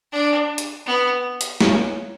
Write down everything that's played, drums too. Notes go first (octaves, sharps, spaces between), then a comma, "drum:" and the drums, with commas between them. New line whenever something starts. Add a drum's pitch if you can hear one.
D4
drum: hi-hat
B3
drum: hi-hat
C#4, drum: snare